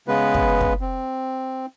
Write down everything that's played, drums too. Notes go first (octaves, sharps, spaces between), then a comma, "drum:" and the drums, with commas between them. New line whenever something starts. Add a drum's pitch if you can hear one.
C#3 G#3 B3 B4
drum: kick
drum: kick
C4